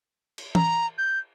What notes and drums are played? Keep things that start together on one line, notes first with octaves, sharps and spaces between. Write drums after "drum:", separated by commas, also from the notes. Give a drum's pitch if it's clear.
drum: cymbal
A#5, drum: tom
G6